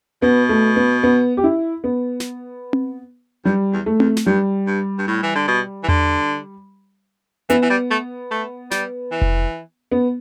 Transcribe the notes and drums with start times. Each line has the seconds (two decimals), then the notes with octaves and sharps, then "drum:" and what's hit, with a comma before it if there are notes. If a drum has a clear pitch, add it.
0.22 B2 B3
0.49 A3
0.76 B3
1.03 B3
1.37 G4
1.44 E4
1.84 B3
2.20 drum: snare
2.73 drum: tom C4
3.45 G2 G3
3.73 E2
3.86 A3
4.00 E2, drum: tom C4
4.17 drum: snare
4.26 G2 G3
4.67 G2
4.99 G2
5.07 A2
5.23 E3
5.36 D3
5.48 B2
5.83 E3
5.88 D3, drum: tom E2
7.50 E3 B3, drum: hi-hat
7.62 E3
7.70 G3
7.91 A3
8.31 A3
8.71 G3, drum: snare
9.12 E3
9.22 drum: kick F1
9.92 B3